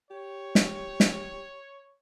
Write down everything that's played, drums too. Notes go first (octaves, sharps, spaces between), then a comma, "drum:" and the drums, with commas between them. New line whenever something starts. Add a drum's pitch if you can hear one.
G4 C#5
drum: snare
drum: snare